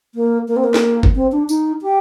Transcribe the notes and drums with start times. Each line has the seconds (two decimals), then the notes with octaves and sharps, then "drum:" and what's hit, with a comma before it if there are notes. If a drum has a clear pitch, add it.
0.15 A#3
0.48 A#3
0.56 C4
0.64 A#3
0.74 drum: snare
1.03 drum: kick
1.15 C4
1.32 D4
1.49 D#4, drum: tambourine
1.82 G4